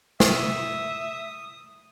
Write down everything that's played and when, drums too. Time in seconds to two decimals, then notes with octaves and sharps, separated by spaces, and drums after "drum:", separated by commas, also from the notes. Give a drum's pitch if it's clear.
0.20 E5 D#6, drum: snare